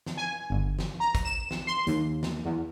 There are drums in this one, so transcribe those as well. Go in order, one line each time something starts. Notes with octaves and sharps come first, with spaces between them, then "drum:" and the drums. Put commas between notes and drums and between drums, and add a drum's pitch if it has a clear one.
drum: snare
G#5
G1
drum: snare
A#5
drum: kick, hi-hat
E7
drum: snare
C6
D#2, drum: hi-hat
drum: snare
E2